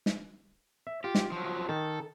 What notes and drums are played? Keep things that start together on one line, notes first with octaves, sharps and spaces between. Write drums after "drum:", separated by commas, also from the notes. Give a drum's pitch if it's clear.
drum: snare
E5
F4 G4
drum: snare
F3 F#3
D#3 A4